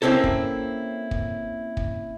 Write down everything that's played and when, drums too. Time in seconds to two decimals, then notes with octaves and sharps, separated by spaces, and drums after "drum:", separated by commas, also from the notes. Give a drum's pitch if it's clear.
0.02 A#3 C4 C#4 E4 A4
0.24 drum: kick
1.11 drum: kick
1.77 drum: kick